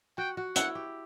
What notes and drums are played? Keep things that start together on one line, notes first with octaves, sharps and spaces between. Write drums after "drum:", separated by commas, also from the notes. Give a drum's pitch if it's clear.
F#4 G5
F#4
E4 F#5, drum: hi-hat
G4